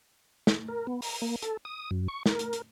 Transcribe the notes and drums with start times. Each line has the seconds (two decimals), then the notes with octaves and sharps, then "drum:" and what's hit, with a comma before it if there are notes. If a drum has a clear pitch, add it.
0.47 drum: snare
0.68 A#4
0.87 B3
1.02 A#5, drum: open hi-hat
1.22 A#3
1.42 A4, drum: hi-hat
1.65 D#6
1.91 F#2
2.08 C#6
2.26 A#4, drum: snare
2.39 drum: hi-hat
2.53 drum: hi-hat